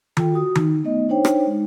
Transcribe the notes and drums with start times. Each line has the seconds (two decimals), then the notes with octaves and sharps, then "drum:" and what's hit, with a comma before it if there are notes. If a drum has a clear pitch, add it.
0.17 F4 A4 G5, drum: tom D#3
0.34 F#4 D#6
0.55 D#4, drum: tom D#3
0.84 A3 B3 D#4 D#5
1.09 D4 D#4 C5 C#5 G5
1.25 drum: rim click
1.47 G#3 D#4